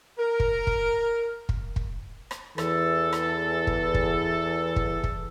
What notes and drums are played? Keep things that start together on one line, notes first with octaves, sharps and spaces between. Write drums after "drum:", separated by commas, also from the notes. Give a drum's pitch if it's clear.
A#4
drum: kick
drum: kick
drum: kick
drum: kick
drum: rim click
E2 E3 A4, drum: rim click
drum: rim click
drum: kick
drum: kick
drum: kick
drum: kick